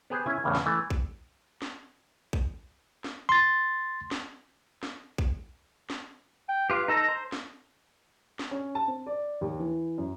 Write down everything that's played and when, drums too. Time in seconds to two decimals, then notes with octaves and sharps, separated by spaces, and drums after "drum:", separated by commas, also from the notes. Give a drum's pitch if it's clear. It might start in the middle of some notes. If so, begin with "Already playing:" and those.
0.10 B3 G4 G#4 C5
0.26 C#4 E4 G#5
0.44 E2 A2 C#3 E3
0.55 drum: snare
0.66 E3 A3
0.90 drum: kick A#1
1.62 drum: snare
2.33 drum: kick A#1
3.04 drum: snare
3.29 C6 A6
4.11 drum: snare
4.83 drum: snare
5.18 drum: kick A#1
5.90 drum: snare
6.49 G5
6.70 F4 G4 B4
6.88 D#4 A4 A#5
7.08 C5
7.32 drum: snare
8.39 drum: snare
8.51 C#4
8.75 A5
8.87 C4
9.06 D5
9.41 D#2
9.60 E3
9.98 F#2